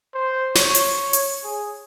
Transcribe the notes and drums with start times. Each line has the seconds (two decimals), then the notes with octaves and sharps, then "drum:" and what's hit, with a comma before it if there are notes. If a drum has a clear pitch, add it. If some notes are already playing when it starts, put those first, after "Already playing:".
0.14 C5
0.55 C#5, drum: snare
0.75 drum: hi-hat
1.13 drum: hi-hat
1.44 G#4